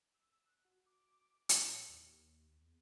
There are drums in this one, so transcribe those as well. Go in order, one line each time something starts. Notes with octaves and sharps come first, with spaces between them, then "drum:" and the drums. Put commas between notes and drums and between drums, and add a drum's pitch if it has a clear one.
E6
F#6
F#4
D6
A2, drum: hi-hat
D#2
E2